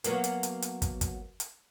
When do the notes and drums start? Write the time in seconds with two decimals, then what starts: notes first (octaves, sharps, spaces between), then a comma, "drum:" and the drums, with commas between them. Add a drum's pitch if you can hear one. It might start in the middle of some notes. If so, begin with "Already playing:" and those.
0.04 F#3 A#3 B3, drum: hi-hat
0.24 drum: hi-hat
0.43 drum: hi-hat
0.62 drum: hi-hat
0.82 drum: kick, hi-hat
1.01 drum: kick, hi-hat
1.40 drum: hi-hat